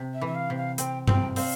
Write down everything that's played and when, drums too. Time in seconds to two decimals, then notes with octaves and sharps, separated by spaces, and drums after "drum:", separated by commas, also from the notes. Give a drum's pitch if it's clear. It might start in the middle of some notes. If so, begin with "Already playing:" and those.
Already playing: C3
0.14 E5
0.21 E3
0.27 E5
0.35 F5
0.50 C3
0.57 F5
0.78 C4 G5, drum: hi-hat
1.08 C4 G5, drum: tom G2
1.36 C4 F5, drum: open hi-hat